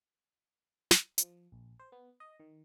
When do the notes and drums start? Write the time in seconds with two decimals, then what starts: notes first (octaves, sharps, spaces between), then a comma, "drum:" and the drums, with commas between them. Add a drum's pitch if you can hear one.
0.91 drum: snare
1.18 F3, drum: hi-hat
1.52 A#1
1.79 C5
1.92 B3
2.20 D#5
2.40 D#3